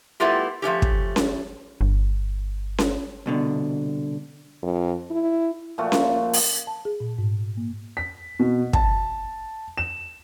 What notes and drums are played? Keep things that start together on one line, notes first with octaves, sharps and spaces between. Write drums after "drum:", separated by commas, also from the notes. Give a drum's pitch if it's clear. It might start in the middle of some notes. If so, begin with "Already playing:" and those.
G3 A3 B3 E4 F4 G4
F3 A3 C#4 G4
drum: kick
drum: snare C#4
G1
drum: snare C#4
C2 B2 D3
F2
E4
A#2 F3 A3 F#4
drum: snare C#4
drum: open hi-hat
A5
G#4
A#2
G#2
A#3
B6
B2
A5, drum: kick
E7